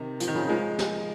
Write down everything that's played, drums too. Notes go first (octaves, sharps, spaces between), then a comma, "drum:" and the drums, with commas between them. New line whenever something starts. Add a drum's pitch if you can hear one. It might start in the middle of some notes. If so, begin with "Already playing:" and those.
Already playing: C3 D#3
F3, drum: hi-hat
D#3
C#3 F3
F3 G#3
drum: snare